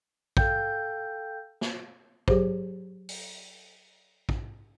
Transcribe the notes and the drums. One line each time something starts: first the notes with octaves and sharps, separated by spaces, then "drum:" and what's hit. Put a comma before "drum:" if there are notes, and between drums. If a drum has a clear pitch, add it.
A4 F5 G5 G6, drum: kick
drum: snare
F#3 G4 G#4 C5, drum: kick
drum: open hi-hat
drum: kick